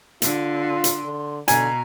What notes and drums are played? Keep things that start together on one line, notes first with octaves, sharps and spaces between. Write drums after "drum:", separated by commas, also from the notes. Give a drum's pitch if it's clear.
D3 F4, drum: hi-hat
C6
drum: hi-hat
D3
B2 D3 G#5 A#5, drum: hi-hat